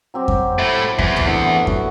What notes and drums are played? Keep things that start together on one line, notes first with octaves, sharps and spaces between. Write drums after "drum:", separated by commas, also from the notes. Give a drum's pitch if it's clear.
F#3 C4 G4
drum: kick F2
A3 E4
E2, drum: kick F2
drum: tom
A2 D3 B3
F#4, drum: kick F2